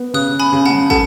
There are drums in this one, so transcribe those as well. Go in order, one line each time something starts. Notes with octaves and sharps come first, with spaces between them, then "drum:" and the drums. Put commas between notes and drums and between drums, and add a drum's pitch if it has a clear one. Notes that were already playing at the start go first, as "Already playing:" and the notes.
Already playing: B3
C#3 D#6 F#6
G#5 B5
C#3
F#5 A5, drum: tom
A4 F#5 A5, drum: kick